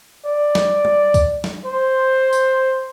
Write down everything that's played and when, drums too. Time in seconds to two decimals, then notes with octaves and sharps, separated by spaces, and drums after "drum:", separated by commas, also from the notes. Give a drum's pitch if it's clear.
0.26 D5
0.55 drum: snare
0.85 drum: tom G3
1.14 drum: kick C#2, tambourine
1.44 drum: snare
1.66 C5
2.33 drum: tambourine